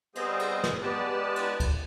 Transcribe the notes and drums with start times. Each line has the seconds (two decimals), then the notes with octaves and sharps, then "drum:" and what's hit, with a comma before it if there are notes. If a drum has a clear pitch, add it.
0.15 G3 B3 C4 G#4 C5 D#5, drum: cymbal
0.40 drum: cymbal
0.64 drum: snare
0.82 G#3 B3 G4 B4 D5 A5
1.36 drum: cymbal
1.60 drum: kick C#2, cymbal